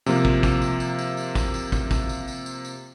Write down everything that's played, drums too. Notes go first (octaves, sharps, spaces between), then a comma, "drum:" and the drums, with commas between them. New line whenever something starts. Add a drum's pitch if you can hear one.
C3 F3 A#3, drum: tambourine
drum: kick
drum: kick, tambourine
drum: tambourine
drum: tambourine
drum: tambourine
drum: tambourine
drum: kick, tambourine
drum: tambourine
drum: kick, tambourine
drum: kick, tambourine
drum: tambourine
drum: tambourine
drum: tambourine
drum: tambourine